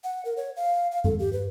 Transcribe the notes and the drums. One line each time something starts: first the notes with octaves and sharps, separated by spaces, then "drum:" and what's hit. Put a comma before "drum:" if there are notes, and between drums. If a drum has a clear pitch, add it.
F#5
A#4
C#5
F5
F5
A4, drum: tom G2
G4
B4